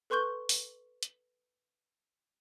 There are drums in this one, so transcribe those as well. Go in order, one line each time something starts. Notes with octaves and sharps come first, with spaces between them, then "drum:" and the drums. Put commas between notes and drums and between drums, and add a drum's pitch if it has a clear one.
A4 B4 C6 C#6 G6 G7
drum: open hi-hat
drum: hi-hat